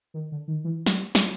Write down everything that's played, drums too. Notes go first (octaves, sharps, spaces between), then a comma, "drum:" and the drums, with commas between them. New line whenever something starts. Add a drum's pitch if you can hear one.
D#3
D3
D#3
E3
F#3, drum: snare
G3
F#3, drum: snare